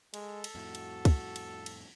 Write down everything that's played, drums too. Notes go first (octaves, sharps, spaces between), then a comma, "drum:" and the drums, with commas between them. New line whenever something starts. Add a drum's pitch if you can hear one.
G#3 A4, drum: cymbal
drum: cymbal
F2 A2 F#4
drum: cymbal
drum: kick, cymbal
drum: cymbal
drum: cymbal